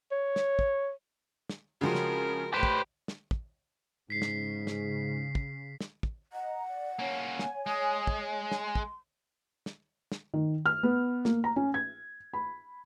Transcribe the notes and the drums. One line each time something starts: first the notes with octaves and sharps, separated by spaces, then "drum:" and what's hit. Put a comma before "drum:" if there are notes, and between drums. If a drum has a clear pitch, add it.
C#5
drum: snare
drum: kick
drum: snare
C#3 F3 G#3 C4 C#4 F#4 A#4
drum: snare
A2 G3 G4 B4 C5 B5
drum: kick
drum: snare
drum: kick
G#2 C#3 B6 C7
drum: snare
drum: snare
drum: kick
drum: snare
drum: kick
D#5 F#5 A#5
D5
A#3 C#4 C#5 G#5
drum: snare
G#3 D#6
drum: kick
C6, drum: snare
drum: kick
drum: snare
drum: snare
D#3
F6
B3
A#3, drum: snare
A#5
C#4
G#6
B5